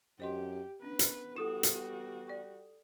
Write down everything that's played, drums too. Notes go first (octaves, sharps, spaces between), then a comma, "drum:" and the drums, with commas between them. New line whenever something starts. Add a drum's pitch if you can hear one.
F#2 G4 C5 D#5 C6
B3 C#4 D4 B4
drum: hi-hat
G3 E4 F#4 A4 F#5 D#6 E7
drum: hi-hat
D5 G5 C#6